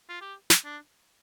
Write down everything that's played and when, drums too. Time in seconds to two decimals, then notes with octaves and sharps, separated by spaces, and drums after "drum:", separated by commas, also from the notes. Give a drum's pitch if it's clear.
0.09 F4
0.21 G4
0.50 drum: snare
0.64 D4